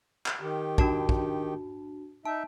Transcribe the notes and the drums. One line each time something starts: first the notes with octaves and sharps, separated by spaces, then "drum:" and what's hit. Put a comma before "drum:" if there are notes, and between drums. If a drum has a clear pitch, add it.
drum: clap
D#3 G4
D4 F#4 A5, drum: kick
drum: kick
D#4 E5 A5